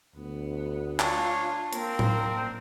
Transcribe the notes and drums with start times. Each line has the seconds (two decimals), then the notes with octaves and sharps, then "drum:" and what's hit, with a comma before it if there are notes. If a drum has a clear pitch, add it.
0.16 D2 B3
1.00 D4 F4 C#5, drum: clap
1.73 A#3 C4 A#4, drum: hi-hat
1.99 drum: tom A2